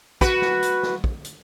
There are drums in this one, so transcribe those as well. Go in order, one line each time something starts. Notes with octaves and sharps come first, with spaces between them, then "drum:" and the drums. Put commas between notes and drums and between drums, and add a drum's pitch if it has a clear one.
F#4 B4, drum: kick, hi-hat
drum: snare
drum: hi-hat
drum: snare
drum: kick
drum: hi-hat